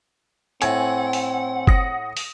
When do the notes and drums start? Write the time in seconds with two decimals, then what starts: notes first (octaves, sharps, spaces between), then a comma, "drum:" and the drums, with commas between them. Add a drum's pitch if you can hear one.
0.62 A2 C4 F#5 G#5 G#6, drum: hi-hat
1.13 drum: open hi-hat
1.67 D#6 A#6 C#7, drum: kick F#1
2.17 drum: open hi-hat